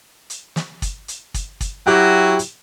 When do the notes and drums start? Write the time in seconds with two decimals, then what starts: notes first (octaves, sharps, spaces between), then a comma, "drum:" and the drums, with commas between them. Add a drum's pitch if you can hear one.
0.30 drum: hi-hat
0.56 drum: snare
0.82 drum: kick, hi-hat
1.08 drum: hi-hat
1.34 drum: kick, hi-hat
1.61 drum: kick, hi-hat
1.87 F#3 E4 F#4 G4 G5
2.39 drum: hi-hat